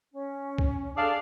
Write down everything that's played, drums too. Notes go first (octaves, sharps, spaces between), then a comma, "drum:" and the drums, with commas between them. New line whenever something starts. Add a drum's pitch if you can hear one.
C#4
drum: kick
D4 G#4 A4 D5 F5